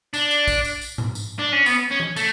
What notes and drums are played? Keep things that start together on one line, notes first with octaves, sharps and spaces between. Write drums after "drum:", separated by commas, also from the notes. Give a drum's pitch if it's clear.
D4, drum: tambourine
drum: tambourine
drum: kick, tambourine
drum: tambourine
drum: tambourine
drum: tom G#2
drum: tambourine
D4
C#4
B3, drum: tambourine
C#4
drum: tom E3
A3, drum: tambourine